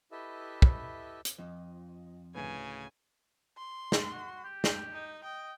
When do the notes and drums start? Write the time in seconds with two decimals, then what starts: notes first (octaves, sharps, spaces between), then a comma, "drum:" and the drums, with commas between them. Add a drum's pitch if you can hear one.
0.12 E4 G4 A4 B4 D#5 E5
0.62 drum: kick
1.25 drum: hi-hat
1.38 F2 F3 D#5
2.35 D2 A2 C#3 B4 G#5
3.57 C6
3.92 drum: snare
4.12 F#4
4.44 G4
4.64 drum: snare
4.92 D#4
5.24 D#5 G5